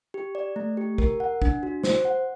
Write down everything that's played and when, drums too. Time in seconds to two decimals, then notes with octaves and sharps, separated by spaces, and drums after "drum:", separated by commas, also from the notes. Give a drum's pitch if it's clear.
0.14 G4
0.35 D5
0.56 A3
0.77 G4
0.98 A#4, drum: kick
1.20 F#5
1.42 D4, drum: kick
1.63 F#4
1.83 C5, drum: snare
2.05 F#5